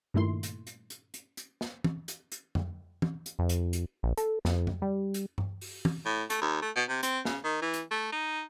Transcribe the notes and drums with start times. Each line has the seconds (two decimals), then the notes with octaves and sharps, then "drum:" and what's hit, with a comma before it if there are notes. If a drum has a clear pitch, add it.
0.14 G2 A#2 D#3 A3 E4 C6
0.43 drum: hi-hat
0.67 drum: hi-hat
0.90 drum: hi-hat
1.14 drum: hi-hat
1.37 drum: hi-hat
1.61 drum: snare
1.84 drum: tom
2.08 drum: hi-hat
2.32 drum: hi-hat
2.55 drum: tom F2
3.02 drum: tom
3.26 drum: hi-hat
3.39 F2
3.49 drum: hi-hat
3.73 drum: hi-hat
4.03 A#1
4.17 A4, drum: hi-hat
4.45 F2, drum: snare
4.67 drum: tom F2
4.82 G3
5.14 drum: hi-hat
5.38 drum: tom G2
5.61 drum: open hi-hat
5.85 drum: tom
6.06 A2
6.30 A3, drum: hi-hat
6.42 D#2
6.62 A3
6.76 B2
6.89 C3
7.03 C4, drum: hi-hat
7.25 C#3, drum: snare
7.44 D#3
7.62 E3
7.73 drum: hi-hat
7.91 A3
8.13 D#4